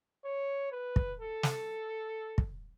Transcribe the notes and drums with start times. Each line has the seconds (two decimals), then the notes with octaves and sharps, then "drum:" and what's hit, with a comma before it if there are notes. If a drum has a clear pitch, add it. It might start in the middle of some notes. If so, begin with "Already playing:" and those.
0.25 C#5
0.72 B4
0.96 drum: kick
1.20 A4
1.43 drum: snare
2.38 drum: kick